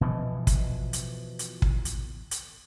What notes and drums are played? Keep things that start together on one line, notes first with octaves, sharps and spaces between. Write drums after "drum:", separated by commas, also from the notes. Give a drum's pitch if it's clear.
B2 E3 F3
drum: kick, hi-hat
drum: hi-hat
drum: hi-hat
drum: kick
drum: hi-hat
drum: hi-hat